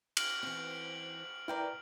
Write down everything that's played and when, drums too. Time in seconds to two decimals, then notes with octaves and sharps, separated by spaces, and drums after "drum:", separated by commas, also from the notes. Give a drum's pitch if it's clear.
0.17 F6 D7 F#7, drum: cymbal
0.43 E3 C4
1.48 E4 A#4 B4 D5 G5 A#5